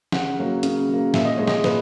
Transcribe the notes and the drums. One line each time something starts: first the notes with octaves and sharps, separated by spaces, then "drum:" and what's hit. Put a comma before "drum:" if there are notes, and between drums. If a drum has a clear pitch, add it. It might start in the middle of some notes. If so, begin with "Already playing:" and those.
C#3 F#5, drum: snare
F#3 A#3
C#3, drum: hi-hat
F#3 A#3
A#2 E5, drum: snare
D#5
G#3 C#5
D#5, drum: snare
A#2 B4, drum: snare